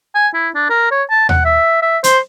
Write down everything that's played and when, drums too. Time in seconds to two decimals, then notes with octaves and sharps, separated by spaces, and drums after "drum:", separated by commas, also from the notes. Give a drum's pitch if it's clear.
0.15 G#5
0.34 E4
0.55 D4
0.69 A#4
0.91 C#5
1.10 A5
1.29 F#5, drum: tom D#2
1.45 E5
1.82 E5
2.04 C5, drum: hi-hat